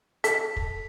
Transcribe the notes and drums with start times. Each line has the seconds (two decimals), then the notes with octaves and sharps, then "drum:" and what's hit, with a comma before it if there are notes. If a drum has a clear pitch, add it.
0.24 A4 B6, drum: hi-hat
0.56 drum: kick